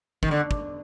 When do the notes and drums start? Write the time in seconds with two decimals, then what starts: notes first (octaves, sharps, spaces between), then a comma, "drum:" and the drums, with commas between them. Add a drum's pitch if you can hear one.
0.23 D#3, drum: kick
0.31 D3
0.51 drum: kick